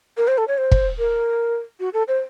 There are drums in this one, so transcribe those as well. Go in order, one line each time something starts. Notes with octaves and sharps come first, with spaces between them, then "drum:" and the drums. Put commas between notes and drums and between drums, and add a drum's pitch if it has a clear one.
A#4
C5
A4
C#5
C5
drum: kick
A#4
F#4
A4
C5